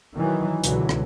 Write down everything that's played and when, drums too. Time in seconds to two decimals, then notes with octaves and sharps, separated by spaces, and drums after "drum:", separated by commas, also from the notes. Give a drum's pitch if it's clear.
0.15 D#3 E3 F#3
0.64 C#2 B2 D3 E3 F#3, drum: hi-hat
0.89 drum: rim click